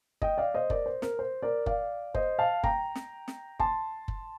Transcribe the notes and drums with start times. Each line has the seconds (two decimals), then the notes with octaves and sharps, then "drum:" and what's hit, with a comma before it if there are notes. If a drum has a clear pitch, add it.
0.22 D#5 G5, drum: kick F#1
0.38 D5 F5
0.54 C5 D#5
0.70 A#4 D5, drum: kick F#1
0.86 C5
1.02 A#4, drum: snare
1.19 C5
1.42 A#4 D5
1.66 D5 F5, drum: kick F#1
2.14 C5 D#5, drum: kick F#1
2.39 F5 A5
2.63 G5 A#5, drum: kick F#1
2.95 drum: snare
3.28 drum: snare
3.59 A5 C6, drum: kick F#1
4.08 drum: kick F#1